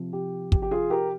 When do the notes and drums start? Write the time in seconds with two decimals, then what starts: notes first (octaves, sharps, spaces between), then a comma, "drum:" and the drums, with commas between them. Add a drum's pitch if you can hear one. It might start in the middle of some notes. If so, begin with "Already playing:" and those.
Already playing: C3 F3
0.13 G4
0.52 G4, drum: kick
0.62 G4
0.71 F4 G#4
0.90 G4 A#4